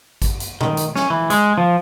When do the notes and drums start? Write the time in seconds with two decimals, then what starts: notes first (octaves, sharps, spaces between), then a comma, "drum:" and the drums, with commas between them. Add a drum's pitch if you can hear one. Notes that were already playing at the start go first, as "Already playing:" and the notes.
0.22 drum: kick G#1, hi-hat
0.40 drum: hi-hat
0.61 D#3, drum: tom A#2
0.77 drum: hi-hat
0.96 C#4, drum: snare
1.10 E3
1.30 G#3, drum: hi-hat
1.58 F3